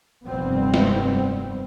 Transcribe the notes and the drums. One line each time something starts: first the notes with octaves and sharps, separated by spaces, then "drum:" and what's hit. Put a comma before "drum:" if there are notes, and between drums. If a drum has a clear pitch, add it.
F1 G2 G3 B3 C4
drum: snare